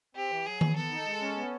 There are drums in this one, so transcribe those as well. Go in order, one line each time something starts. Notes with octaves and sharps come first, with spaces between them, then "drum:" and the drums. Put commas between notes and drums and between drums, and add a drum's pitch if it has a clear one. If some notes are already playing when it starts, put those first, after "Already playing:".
C4 G4
E3
F#3 G#4
B3, drum: tom D#3
B3 A4
D#4
G#3
C#4
B3